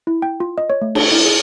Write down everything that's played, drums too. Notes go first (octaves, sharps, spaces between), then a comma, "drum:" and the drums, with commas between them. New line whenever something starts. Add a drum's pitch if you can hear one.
E4
G5
F4
D#5
C#5
A3
D4, drum: cymbal
E4
G#4